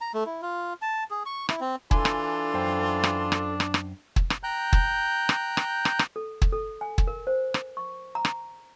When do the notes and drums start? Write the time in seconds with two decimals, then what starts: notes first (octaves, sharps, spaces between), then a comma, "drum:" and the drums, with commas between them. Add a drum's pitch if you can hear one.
0.01 A#5
0.14 A3
0.26 E4
0.42 F4
0.82 A5
1.11 G#4
1.26 C#6
1.49 E4, drum: rim click
1.60 C4
1.91 E3 D4 F4 A4 G#5 C6, drum: kick
2.05 drum: rim click
2.54 F#2 C5 G5
3.04 drum: rim click
3.32 drum: rim click
3.60 drum: rim click
3.74 drum: rim click
4.16 drum: kick
4.30 drum: rim click
4.43 G5 A#5 F#6 G6
4.73 drum: kick
5.29 drum: rim click
5.57 drum: rim click
5.85 drum: rim click
5.99 drum: rim click
6.16 A4
6.42 drum: kick
6.52 A4
6.81 G#5
6.98 drum: kick
7.07 A#4
7.27 C5
7.54 drum: rim click
7.77 C#6
8.15 A#5
8.25 drum: rim click